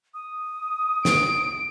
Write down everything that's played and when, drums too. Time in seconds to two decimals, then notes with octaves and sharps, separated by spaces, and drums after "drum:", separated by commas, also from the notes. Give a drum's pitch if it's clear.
0.14 D#6
1.05 D7, drum: snare